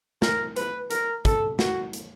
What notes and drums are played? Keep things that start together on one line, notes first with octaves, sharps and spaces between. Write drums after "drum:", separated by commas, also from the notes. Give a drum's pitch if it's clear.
A#4, drum: snare
B4, drum: hi-hat
A#4, drum: hi-hat
A4, drum: kick, hi-hat
F#4, drum: snare
drum: hi-hat